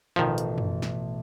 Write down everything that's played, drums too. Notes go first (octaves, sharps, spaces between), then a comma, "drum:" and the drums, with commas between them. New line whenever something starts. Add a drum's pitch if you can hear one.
A1 B2 D#3 F3
drum: hi-hat
drum: tom F#2
drum: snare